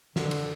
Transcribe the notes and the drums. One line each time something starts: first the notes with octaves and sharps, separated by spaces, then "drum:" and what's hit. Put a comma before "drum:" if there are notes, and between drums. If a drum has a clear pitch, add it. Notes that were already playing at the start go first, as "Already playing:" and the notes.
D3, drum: snare
drum: cymbal